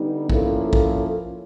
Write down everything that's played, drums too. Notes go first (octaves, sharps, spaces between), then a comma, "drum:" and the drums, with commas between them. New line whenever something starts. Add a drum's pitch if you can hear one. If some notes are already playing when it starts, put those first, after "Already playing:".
Already playing: D3 G3 B3 D#4
F3 A#3 C#4 E4 A4, drum: kick
drum: kick